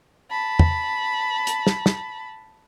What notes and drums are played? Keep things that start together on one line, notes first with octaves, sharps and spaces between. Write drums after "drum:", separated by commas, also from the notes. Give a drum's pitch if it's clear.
A5 B5
drum: tom
drum: hi-hat
drum: snare
drum: snare